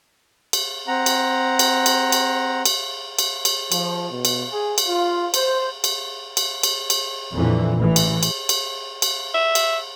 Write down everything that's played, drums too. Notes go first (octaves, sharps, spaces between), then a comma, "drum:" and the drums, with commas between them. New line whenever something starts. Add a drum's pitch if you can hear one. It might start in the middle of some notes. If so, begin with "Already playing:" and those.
drum: cymbal
C4 F#5 A#5
drum: cymbal
drum: cymbal
drum: cymbal
drum: cymbal
drum: cymbal
drum: cymbal
drum: cymbal
F3, drum: cymbal
B2
drum: cymbal
G#4
drum: cymbal
F4
C5, drum: cymbal
drum: cymbal
drum: cymbal
drum: cymbal
drum: cymbal
F2 A#2 D3 E3
A1 E3
drum: cymbal
drum: cymbal
drum: cymbal
drum: cymbal
E5
drum: cymbal